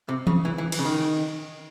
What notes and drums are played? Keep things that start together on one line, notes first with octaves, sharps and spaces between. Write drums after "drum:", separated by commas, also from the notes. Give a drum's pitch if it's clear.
C3
C#3, drum: tom E3
E3
E3
E3, drum: cymbal
C#3
D#3